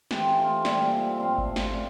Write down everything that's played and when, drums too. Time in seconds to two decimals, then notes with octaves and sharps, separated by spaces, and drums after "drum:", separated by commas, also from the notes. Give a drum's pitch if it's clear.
0.11 E3 A3 C4 G4, drum: snare
0.39 F4
0.65 A#2 G3 C4 G4, drum: snare
0.93 E5
1.20 A2 F3 C4 F5
1.38 drum: kick G#1
1.56 drum: snare
1.74 A#2